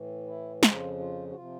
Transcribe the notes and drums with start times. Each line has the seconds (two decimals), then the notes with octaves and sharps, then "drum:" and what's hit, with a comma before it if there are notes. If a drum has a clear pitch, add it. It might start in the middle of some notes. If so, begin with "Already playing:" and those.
Already playing: A2 E3
0.27 E4
0.63 F2 C#3 F3 F4, drum: snare
0.99 F4
1.31 F#4
1.35 C3 F3 F4